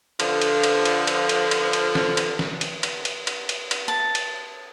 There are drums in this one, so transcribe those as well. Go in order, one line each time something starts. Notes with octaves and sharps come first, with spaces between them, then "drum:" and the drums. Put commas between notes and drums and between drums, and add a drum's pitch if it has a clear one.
D3 F3, drum: cymbal
drum: cymbal
drum: cymbal
drum: cymbal
drum: cymbal
drum: cymbal
drum: cymbal
drum: cymbal
drum: snare
drum: cymbal
drum: snare
drum: cymbal
drum: cymbal
drum: cymbal
drum: cymbal
drum: cymbal
drum: cymbal
A5
drum: cymbal